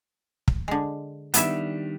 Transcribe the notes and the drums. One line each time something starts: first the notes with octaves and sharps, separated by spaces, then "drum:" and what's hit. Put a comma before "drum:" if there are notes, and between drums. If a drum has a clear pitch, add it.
drum: kick
D3 G#3
D#3 G3 B3 D4 E4 E5, drum: hi-hat